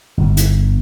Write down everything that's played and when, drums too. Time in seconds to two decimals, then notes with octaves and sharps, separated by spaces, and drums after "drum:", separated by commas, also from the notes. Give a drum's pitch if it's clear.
0.17 G1
0.37 drum: hi-hat